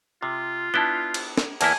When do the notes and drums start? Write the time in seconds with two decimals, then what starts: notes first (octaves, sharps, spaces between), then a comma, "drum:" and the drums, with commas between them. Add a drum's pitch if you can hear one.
0.23 C3 F4
0.74 B3 D4 E4 A5 B6 G7
1.14 drum: cymbal
1.38 drum: snare
1.61 E2 A#3 E4 G#5 A5, drum: cymbal